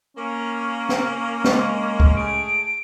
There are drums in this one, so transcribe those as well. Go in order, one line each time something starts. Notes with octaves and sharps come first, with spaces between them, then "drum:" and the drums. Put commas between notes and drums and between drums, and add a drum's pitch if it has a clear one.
A#3 C#4
drum: snare
G#3, drum: snare
drum: kick C#2
A3 G#4 D7